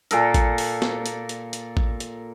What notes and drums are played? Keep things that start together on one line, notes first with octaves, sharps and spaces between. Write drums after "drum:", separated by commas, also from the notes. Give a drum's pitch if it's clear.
A#2 A4 A#4, drum: hi-hat
drum: kick A1, hi-hat
drum: open hi-hat
drum: snare
drum: hi-hat
drum: hi-hat
drum: hi-hat
drum: kick A1
drum: hi-hat